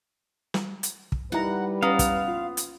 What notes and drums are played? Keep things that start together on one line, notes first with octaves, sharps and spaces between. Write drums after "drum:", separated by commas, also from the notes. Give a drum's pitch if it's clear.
drum: snare
drum: hi-hat
drum: kick
G3 D#4 E4 B4 F#5 A#5
B3 C#4 F5 A#5
drum: kick, hi-hat
F4
drum: hi-hat